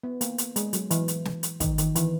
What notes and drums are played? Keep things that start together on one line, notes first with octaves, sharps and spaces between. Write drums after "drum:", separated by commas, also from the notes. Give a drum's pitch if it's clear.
B3
A#3, drum: hi-hat
drum: hi-hat
G#3, drum: hi-hat
F#3, drum: hi-hat
E3, drum: hi-hat
drum: hi-hat
drum: snare
drum: hi-hat
D#3, drum: kick, hi-hat
D#3, drum: hi-hat
E3, drum: hi-hat